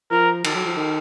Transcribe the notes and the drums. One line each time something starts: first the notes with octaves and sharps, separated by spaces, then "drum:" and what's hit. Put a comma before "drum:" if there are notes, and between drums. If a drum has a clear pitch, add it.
F3 A#4
D#3, drum: cymbal
F#3
F3
D#3